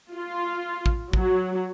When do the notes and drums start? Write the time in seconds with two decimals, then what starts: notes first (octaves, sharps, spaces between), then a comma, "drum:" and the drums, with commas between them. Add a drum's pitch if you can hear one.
0.15 F4
0.86 drum: kick A1
1.13 F#3, drum: kick A1